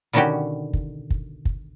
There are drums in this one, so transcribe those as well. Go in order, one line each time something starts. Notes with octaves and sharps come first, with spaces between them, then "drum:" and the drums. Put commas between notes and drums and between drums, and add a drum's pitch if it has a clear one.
B2 D3 D#3 C#4 F#4 G4
drum: kick
drum: kick
drum: kick